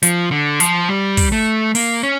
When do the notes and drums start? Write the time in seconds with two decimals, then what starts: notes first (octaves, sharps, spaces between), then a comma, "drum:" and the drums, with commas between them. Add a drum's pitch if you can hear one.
0.03 F3, drum: hi-hat
0.31 D3
0.60 F3, drum: hi-hat
0.89 G3
1.17 drum: kick, open hi-hat
1.32 A3
1.75 A#3, drum: open hi-hat
2.03 C#4